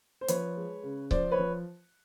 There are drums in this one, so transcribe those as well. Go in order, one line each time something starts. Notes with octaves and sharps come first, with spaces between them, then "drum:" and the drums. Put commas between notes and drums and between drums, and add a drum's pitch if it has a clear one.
C5
F3 B4 C#5, drum: hi-hat
G#3
C#3
F3 C5 D5, drum: kick C#1
B4 C#5
F3